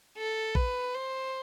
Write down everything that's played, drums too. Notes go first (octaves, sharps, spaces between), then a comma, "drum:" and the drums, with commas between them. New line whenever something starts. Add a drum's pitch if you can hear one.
A4
B4, drum: kick
C5